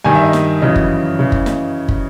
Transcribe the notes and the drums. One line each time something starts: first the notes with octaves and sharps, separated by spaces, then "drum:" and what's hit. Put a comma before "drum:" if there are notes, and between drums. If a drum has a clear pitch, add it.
G2 D#3 G#5
E5
D#5
drum: snare
F#2 C#3 E3 D#5
drum: kick
C#3 E3
drum: kick
drum: snare
drum: kick